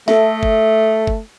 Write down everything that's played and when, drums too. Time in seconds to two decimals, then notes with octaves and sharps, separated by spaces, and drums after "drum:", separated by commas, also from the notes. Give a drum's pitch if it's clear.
0.08 A3 A4 E5, drum: snare
0.43 drum: kick F#1
1.07 drum: kick F#1